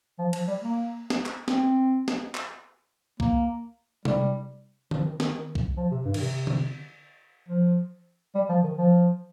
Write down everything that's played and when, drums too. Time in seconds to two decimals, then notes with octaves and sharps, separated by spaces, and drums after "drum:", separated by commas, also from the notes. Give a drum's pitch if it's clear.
0.19 F3
0.33 F3, drum: cymbal
0.47 G3
0.61 A#3
1.10 drum: snare
1.26 drum: clap
1.48 C4, drum: snare
2.08 drum: snare
2.35 drum: clap
3.20 A#3, drum: kick
4.05 G3, drum: tom C3
4.91 F3, drum: tom D3
5.05 D#3
5.20 D#3, drum: snare
5.55 drum: kick
5.77 F3
5.91 C3
6.05 G2
6.14 D#3, drum: cymbal
6.20 C3
6.47 drum: tom D3
7.48 F3
8.35 G3
8.49 F3
8.64 D#3
8.78 F3